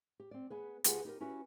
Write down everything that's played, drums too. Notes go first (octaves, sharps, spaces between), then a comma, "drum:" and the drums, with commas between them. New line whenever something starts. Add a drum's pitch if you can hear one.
G4
C4 D5
B3 G#4 B4
D2 F4 G4 G#4 B4 F#5, drum: hi-hat
D#4 G4 A4 A#4
C#4 E4 F#4 G4 B4